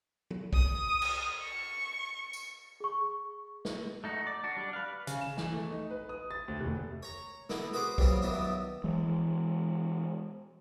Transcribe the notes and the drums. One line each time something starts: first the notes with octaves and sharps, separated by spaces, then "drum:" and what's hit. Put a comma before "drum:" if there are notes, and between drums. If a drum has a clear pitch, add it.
drum: tom
D#6, drum: kick B1
drum: cymbal
C#6
drum: tambourine
G#4 C#6
drum: snare
A3 D#4 F#4
D5
D4 F#4
G3 D4
B4 F5
C#3, drum: hi-hat
E7
E3, drum: snare
A3
D#4
B4
D#6
A6
D2
F1
C#5 A#5
D3 B3 E4, drum: snare
F#4 G#4 B4 C5 D6
F#3 G3 B3 C4 F4, drum: kick B1
G2 D#3 F#3 B3 D4 E4
E3 G#3